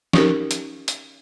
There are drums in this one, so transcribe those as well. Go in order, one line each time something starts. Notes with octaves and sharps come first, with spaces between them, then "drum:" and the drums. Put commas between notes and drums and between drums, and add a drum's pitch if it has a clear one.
C#4 D#4 G4 A#4, drum: snare
drum: hi-hat
drum: hi-hat